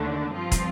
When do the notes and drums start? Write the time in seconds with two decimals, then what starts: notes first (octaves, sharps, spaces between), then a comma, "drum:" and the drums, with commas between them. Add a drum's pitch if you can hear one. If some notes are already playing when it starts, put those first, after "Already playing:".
Already playing: D#2 D3 A3 D4
0.33 G2 F3 C4 F4
0.52 drum: kick, hi-hat